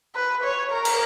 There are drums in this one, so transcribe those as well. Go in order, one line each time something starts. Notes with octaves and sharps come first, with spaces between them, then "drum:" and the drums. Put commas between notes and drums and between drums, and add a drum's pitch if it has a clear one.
B4
C#5
A#4
drum: cymbal